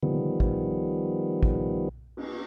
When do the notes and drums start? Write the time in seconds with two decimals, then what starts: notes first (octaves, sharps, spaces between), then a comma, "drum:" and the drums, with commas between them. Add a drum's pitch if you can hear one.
0.03 D#3 F3 G3 B3, drum: tom D3
0.40 drum: kick
1.43 drum: kick
2.17 drum: cymbal